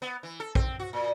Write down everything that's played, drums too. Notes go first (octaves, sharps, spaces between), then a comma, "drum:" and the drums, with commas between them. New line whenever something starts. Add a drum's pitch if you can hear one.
B3
E3
A4
C4, drum: kick
F#4
A#2